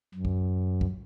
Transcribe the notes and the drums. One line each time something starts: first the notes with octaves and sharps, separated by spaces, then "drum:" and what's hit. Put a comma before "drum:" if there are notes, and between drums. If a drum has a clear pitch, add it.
F#2
drum: kick
drum: kick